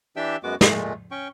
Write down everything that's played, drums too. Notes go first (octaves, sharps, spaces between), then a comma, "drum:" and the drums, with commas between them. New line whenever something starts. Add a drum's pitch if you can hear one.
E3 D4 G4 E5 G5 E6
F#2 G#3 B3 F#4 D6
A#2 G#3 A3, drum: snare
C#4 G5 C#6